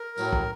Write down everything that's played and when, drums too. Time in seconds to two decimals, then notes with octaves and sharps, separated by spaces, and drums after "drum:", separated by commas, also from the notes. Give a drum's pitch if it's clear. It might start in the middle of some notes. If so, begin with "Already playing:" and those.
Already playing: A#4
0.18 A2 F#3, drum: tambourine
0.33 drum: kick